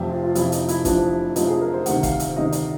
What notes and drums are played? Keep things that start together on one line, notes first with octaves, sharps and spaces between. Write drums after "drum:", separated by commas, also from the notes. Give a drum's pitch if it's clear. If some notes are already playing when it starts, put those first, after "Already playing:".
Already playing: F1 F2 C3 F3 G4
F4
F4
F1 F2 C3 F3 E4, drum: hi-hat
D#4, drum: hi-hat
E4, drum: hi-hat
F1 F2 C3 F3 D4, drum: kick, hi-hat
F1 F2 C3 F3 D#4, drum: hi-hat
G#4
A#4
C5
D2 C3 D#3 F#5, drum: hi-hat
F5, drum: kick, hi-hat
E5, drum: hi-hat
D2 C3 D#3 D#5
D5, drum: hi-hat